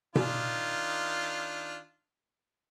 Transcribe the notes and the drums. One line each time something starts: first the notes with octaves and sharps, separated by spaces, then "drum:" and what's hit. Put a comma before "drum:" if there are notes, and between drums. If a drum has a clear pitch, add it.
D#3 D4 F4, drum: tom B2